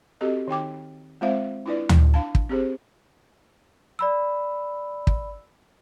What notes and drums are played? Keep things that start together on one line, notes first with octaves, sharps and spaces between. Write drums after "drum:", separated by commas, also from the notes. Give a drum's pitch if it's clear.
C4 F#4 G4 A4 D#5
D#3 D#4 G5 D6
G#3 C4 F4 C5 E5 F5
D4 E4 F4 B4 D5
drum: tom D2
D4 F5 A5
drum: kick
C4 G4 G#4 C5
D5 B5 E6
drum: kick